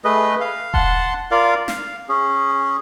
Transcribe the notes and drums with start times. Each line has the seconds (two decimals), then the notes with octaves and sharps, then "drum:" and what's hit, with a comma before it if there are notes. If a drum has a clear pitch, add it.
0.04 A3 G#4 B4 D#5
0.41 F5
0.74 F#5 A5 C6, drum: kick E1
1.31 F4 A#4 D5 F5
1.68 F5, drum: snare
2.09 C#4 G#4